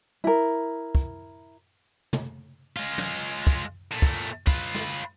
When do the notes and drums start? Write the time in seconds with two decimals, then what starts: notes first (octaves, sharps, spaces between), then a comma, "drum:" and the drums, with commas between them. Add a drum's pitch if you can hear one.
0.24 E4 A#4
0.95 drum: kick
2.13 drum: tom
2.77 G#3 F4
2.98 drum: tom
3.47 drum: kick
3.92 A#2 A3
4.02 drum: kick
4.47 F4 B4, drum: kick
4.75 drum: snare